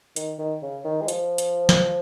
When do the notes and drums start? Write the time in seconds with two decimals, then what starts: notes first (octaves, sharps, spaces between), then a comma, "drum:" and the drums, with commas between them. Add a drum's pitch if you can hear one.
0.16 D#3, drum: hi-hat
0.39 D#3
0.63 C#3
0.84 D#3
1.02 G#3
1.08 F3, drum: hi-hat
1.38 drum: hi-hat
1.69 drum: snare